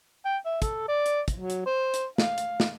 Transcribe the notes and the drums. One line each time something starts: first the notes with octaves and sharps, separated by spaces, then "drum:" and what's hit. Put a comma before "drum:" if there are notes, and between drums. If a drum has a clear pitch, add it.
G5
E5
A4, drum: kick, hi-hat
D5
drum: hi-hat
drum: kick, hi-hat
F#3
drum: hi-hat
C5
drum: hi-hat
F5, drum: snare
drum: hi-hat
drum: snare